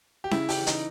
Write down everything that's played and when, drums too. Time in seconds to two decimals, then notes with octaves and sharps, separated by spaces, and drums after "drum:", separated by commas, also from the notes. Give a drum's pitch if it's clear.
0.24 G4
0.31 C#3 E4, drum: snare C#4
0.49 G4, drum: open hi-hat
0.58 E3
0.67 D#4, drum: hi-hat